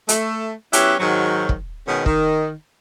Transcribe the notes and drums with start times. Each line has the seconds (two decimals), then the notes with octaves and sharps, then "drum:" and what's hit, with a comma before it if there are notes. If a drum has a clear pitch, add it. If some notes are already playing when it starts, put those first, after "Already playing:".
0.09 A3, drum: hi-hat
0.73 F#3 B3 C#4 E4 G4, drum: hi-hat
0.99 G#2 D#3 F#3
1.49 drum: kick
1.87 B2 D#3 G#3 B3 C#4
2.06 D#3, drum: kick